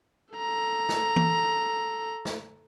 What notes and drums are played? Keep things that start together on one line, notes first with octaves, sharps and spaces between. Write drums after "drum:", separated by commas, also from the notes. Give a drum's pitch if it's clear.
A4 A#5
drum: snare
drum: tom E3
drum: snare